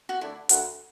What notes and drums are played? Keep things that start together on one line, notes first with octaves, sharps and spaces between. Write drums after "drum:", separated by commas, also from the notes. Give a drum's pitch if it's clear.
F#4
D3 A3 D4 E4
D2 F#4, drum: hi-hat